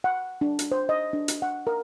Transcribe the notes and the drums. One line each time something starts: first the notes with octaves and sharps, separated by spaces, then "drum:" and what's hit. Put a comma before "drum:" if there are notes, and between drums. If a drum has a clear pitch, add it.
F#5
D4
drum: hi-hat
C5
D#5
D4
drum: hi-hat
F#5
A#4